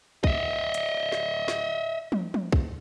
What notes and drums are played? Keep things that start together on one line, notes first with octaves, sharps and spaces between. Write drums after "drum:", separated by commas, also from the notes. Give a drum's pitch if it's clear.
D#5 E5, drum: kick
drum: hi-hat
drum: snare
drum: snare
drum: tom
drum: tom
drum: kick